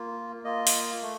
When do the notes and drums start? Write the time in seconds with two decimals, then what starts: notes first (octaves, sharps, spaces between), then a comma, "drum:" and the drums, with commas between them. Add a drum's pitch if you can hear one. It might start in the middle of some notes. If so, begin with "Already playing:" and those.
Already playing: A#3 F4
0.44 A#3 F4 D#5
0.67 drum: open hi-hat
1.03 A3